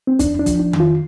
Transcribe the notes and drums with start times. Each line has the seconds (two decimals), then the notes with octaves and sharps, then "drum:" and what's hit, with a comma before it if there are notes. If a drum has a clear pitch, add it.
0.07 C4
0.19 F2 D4, drum: kick, hi-hat
0.40 D4
0.46 F3, drum: kick, hi-hat
0.59 D4
0.73 F2, drum: tom D#3
0.80 F4